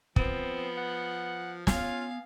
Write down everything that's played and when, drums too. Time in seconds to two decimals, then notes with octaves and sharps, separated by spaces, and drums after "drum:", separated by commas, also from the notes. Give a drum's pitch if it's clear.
0.16 F3 B3 C4, drum: kick
0.77 F#5
1.67 B3 C#4 F4 F5 G#5, drum: snare